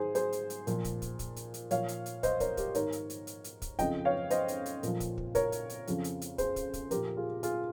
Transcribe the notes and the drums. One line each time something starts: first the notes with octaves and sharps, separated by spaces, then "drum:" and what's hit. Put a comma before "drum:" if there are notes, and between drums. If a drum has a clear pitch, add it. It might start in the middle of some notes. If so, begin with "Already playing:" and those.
Already playing: G#2 D#3 G#4 C5
G#4 C5, drum: hi-hat
drum: hi-hat
drum: hi-hat
A#2 F3, drum: hi-hat
drum: kick, hi-hat
drum: kick, hi-hat
drum: kick, hi-hat
drum: hi-hat
drum: hi-hat
A#2 F3 C#5 F5, drum: hi-hat
drum: hi-hat
drum: hi-hat
C5 D#5, drum: kick, hi-hat
A#4 C#5, drum: kick, hi-hat
G4 A#4, drum: kick, hi-hat
G#2 D#3 A#4 C#5, drum: hi-hat
drum: hi-hat
drum: hi-hat
drum: hi-hat
drum: hi-hat
drum: kick, hi-hat
F2 C#3 F3 D#5 G5, drum: kick, hi-hat
C#5 F5
C5 D#5, drum: hi-hat
drum: hi-hat
drum: hi-hat
A#2 F3, drum: hi-hat
drum: kick, hi-hat
drum: kick
A#4 C#5, drum: kick, hi-hat
drum: hi-hat
drum: hi-hat
F2 C#3 F3, drum: hi-hat
drum: hi-hat
drum: hi-hat
G#4 C5, drum: kick, hi-hat
drum: kick, hi-hat
drum: kick, hi-hat
A#2 F3 G4 A#4, drum: hi-hat
F4 G#4
F4 G#4, drum: hi-hat